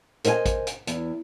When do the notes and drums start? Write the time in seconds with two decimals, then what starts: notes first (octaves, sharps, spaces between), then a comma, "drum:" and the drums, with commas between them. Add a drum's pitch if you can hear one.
0.24 A#4 C5 D#5 F5 G#5, drum: hi-hat
0.46 drum: kick A1, hi-hat
0.67 drum: hi-hat
0.87 E2, drum: hi-hat